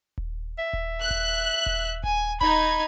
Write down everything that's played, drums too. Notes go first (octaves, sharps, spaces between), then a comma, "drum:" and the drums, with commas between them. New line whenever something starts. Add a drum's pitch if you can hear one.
drum: kick D#1
E5
drum: kick D#1
F#6
drum: kick D#1
drum: kick D#1
G#5, drum: kick D#1
D#4 B5 G#6, drum: kick D#1